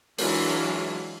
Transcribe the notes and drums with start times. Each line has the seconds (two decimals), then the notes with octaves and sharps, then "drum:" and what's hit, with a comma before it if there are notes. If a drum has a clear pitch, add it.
0.19 E3 F#3 G#3 D4 F4, drum: open hi-hat